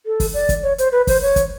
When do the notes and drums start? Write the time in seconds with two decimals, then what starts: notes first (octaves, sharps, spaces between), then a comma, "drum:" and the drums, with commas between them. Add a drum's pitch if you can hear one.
0.06 A4
0.20 drum: kick, open hi-hat
0.34 D5
0.49 drum: kick, hi-hat
0.63 C#5
0.78 C5, drum: hi-hat
0.92 B4
1.07 C5, drum: kick, open hi-hat
1.22 C#5
1.36 drum: kick, hi-hat